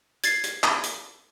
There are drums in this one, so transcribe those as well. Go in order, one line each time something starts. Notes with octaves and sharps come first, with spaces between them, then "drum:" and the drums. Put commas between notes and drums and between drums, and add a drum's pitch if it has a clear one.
G#6 A6 C7, drum: hi-hat
drum: hi-hat
drum: clap
drum: hi-hat